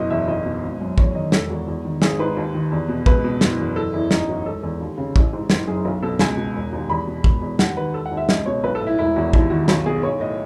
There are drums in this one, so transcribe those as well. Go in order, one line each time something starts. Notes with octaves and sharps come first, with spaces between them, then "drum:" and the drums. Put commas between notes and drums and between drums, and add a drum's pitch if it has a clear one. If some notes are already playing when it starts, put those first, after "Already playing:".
Already playing: F#1 B2 D#5
E2 E5
B1 D#5
B2
G#1
F#2
E2 C#5, drum: kick
D#3 D#5
E1 A4, drum: snare
E2 F#4
E2
D#3
G#1 G#4, drum: snare
G#2 B4
D#2
D#3
E2
B2
C#2 B4, drum: kick
B2
F#1, drum: snare
E2
F#1 A4
E2 E4
A1 D#4, drum: snare
A2 F#4
E1 A4
E2 A4
D#2
C#3
A1, drum: kick
G#2
F#1, drum: snare
F#2 G#4
B1
B2 A4
C#2 G#5, drum: snare
B2
E1
D#2
E2 B5
B2
E1, drum: kick
E2
D#2 F#5, drum: snare
D#3 B4
E1 A4
F#5
D#2
E5
C#2 D#5, drum: snare
B2 C#5
B1 B4
A4
A2
E4
E1 E4
E2 F#4
D#2 E4, drum: kick
D#3 F#4
B1 F#4, drum: snare
B2 G#4
B1 C#5
A2 D#5